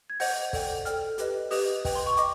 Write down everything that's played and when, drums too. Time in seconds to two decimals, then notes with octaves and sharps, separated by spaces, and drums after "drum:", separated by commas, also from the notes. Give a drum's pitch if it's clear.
0.10 G#6
0.20 C5 D#5 F#5 G6, drum: open hi-hat
0.53 A4 D5 G5, drum: kick, open hi-hat
0.85 A4 D5 G5 F6, drum: hi-hat
1.18 G4 B4 D#5, drum: hi-hat
1.51 G4 B4 D#5 D#6, drum: open hi-hat
1.85 B4 D#5 G5, drum: kick, open hi-hat
1.95 C6
2.06 C#6
2.17 D#5 G5 D6, drum: hi-hat